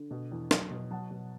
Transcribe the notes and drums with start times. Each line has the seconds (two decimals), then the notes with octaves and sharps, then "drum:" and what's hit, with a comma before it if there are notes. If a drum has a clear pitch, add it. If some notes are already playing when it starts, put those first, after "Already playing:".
Already playing: D3
0.11 B2
0.31 E2
0.51 F#3, drum: snare
0.71 B2
0.91 F#3 F#5 A5
1.11 B2